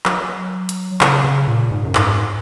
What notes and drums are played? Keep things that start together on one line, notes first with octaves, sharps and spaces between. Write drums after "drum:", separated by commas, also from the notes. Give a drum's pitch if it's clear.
F#3, drum: clap
drum: hi-hat
C#3, drum: clap
C#3
A#2
G#2
F#2
G#2, drum: clap